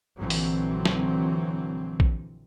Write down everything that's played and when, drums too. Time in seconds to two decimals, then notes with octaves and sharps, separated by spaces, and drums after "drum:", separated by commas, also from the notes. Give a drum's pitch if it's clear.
0.17 A#1 D3 E3 F#3 C4
0.30 drum: open hi-hat
0.85 drum: snare
2.00 drum: kick